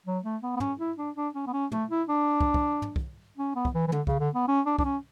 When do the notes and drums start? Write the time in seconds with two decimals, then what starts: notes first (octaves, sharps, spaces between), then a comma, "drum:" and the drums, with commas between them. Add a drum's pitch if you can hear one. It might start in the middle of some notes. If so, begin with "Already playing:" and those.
0.06 F#3
0.24 A3
0.43 B3
0.56 B3
0.60 C#4, drum: tom
0.79 E4
0.97 D4
1.16 D4
1.34 C#4
1.47 B3
1.53 C#4
1.72 A3, drum: tom
1.90 E4
2.09 D4
2.41 drum: kick
2.54 drum: kick
2.82 drum: tom
2.96 drum: kick
3.38 C#4
3.56 B3
3.65 drum: kick
3.74 E3
3.88 E3
3.92 D3, drum: tom
4.07 C#3, drum: kick
4.20 D3
4.35 B3
4.48 C#4
4.66 D4
4.78 D4, drum: kick
4.85 C#4